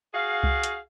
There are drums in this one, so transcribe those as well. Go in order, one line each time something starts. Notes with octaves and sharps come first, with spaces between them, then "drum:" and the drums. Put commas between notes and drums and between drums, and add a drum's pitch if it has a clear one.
F#4 G#4 F5
drum: kick C2
drum: hi-hat